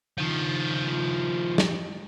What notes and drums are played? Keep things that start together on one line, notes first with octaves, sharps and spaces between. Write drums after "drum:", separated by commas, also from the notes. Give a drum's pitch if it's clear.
D#3 F3
drum: snare